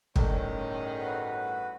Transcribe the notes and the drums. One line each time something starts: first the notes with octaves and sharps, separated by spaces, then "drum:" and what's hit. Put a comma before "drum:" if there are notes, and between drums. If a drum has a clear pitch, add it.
G1 A2 D#3 C#4 G#4, drum: kick
F#4 B4